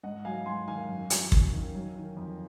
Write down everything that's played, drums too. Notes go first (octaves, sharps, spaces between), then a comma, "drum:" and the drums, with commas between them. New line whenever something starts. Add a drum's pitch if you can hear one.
G#2 D#5 F#5
F#3 F5 G#5
G#2 G#5 C6
D#3 F5 G#5
F#2
F#3, drum: hi-hat
F#2, drum: kick
D#3
F#3
D#3
F2